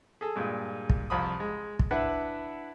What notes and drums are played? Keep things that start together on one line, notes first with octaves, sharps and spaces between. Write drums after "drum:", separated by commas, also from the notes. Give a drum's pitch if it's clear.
G#4 A4
G2 A#2 G#3
drum: kick
C2 F2 F3 B5 D#6
G#3
drum: kick
D4 E4 B4 E5 F#5